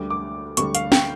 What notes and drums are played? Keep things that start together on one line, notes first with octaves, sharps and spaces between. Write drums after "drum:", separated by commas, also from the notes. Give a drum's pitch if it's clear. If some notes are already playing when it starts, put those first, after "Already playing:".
Already playing: D2 D3 G3 D6
D6
D2 D3 G3 C#6, drum: hi-hat
F5, drum: hi-hat
G5, drum: snare